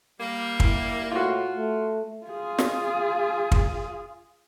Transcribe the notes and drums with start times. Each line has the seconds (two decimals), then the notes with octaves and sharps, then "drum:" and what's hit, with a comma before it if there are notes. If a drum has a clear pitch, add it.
0.20 G3 A#3
0.60 E4, drum: kick
1.12 A2 F4 F#4
1.56 A3
2.26 F4 G#4
2.58 drum: snare
3.52 drum: kick